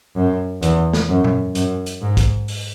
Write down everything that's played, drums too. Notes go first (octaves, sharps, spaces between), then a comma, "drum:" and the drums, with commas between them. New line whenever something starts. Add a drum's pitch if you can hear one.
F#2
E2, drum: hi-hat
drum: snare
F#2
drum: tom A#2
F#2, drum: hi-hat
drum: hi-hat
G#2
drum: kick, hi-hat
drum: open hi-hat